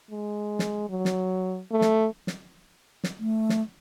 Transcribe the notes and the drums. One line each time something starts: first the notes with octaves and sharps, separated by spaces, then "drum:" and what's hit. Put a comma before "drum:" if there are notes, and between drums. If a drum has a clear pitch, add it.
G#3
drum: snare
F#3
drum: snare
A3
drum: snare
drum: snare
drum: snare
A3
drum: snare